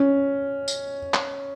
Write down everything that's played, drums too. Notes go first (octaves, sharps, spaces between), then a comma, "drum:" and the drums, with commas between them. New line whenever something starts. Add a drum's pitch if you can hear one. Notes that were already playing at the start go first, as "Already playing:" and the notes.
Already playing: C#4
drum: tambourine
drum: clap